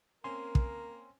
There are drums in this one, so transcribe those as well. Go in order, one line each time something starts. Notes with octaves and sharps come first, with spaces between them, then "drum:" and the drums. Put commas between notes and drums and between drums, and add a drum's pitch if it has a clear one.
A#3 C4 C#4 A#4 G#5 C6
drum: kick